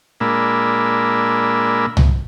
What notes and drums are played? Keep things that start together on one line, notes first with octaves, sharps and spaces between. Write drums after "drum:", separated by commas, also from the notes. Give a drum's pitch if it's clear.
A#2 G#3 A#3 D4 B5 E6
drum: tom